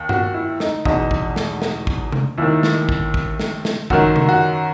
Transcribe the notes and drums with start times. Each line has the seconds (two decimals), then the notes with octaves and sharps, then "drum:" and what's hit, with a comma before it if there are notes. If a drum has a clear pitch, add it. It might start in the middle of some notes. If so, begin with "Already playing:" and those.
Already playing: D#2 D#3
0.09 F#4, drum: tom G2
0.34 E4
0.60 D#4, drum: snare
0.85 E2 B2 D#4, drum: kick
1.11 drum: kick
1.36 drum: snare
1.62 drum: snare
1.87 drum: kick
2.12 drum: tom C3
2.38 D#2 D#3 E4
2.63 drum: snare
2.89 drum: kick
3.14 drum: kick
3.40 drum: snare
3.65 drum: snare
3.90 F#2 D#3 F#4, drum: kick
4.16 drum: tom C3
4.29 F#4